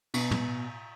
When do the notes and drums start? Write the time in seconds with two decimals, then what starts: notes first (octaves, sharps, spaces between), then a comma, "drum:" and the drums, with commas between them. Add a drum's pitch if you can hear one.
0.14 B2, drum: cymbal
0.31 drum: tom